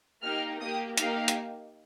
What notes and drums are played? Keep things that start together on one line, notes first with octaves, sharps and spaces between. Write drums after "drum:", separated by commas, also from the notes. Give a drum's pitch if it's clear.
A#3 D#4 G4 F6
A#3 G4 D#6
A#3 D#4 G4 F5, drum: hi-hat
drum: hi-hat